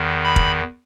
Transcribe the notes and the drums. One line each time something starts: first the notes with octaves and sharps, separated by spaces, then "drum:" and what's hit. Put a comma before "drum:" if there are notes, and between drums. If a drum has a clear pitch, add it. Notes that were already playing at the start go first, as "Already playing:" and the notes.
Already playing: E2 D#3
B5
drum: kick